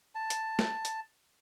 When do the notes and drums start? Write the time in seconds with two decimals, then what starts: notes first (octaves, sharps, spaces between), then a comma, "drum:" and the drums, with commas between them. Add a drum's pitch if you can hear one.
0.15 A5
0.30 drum: hi-hat
0.59 drum: snare
0.85 drum: hi-hat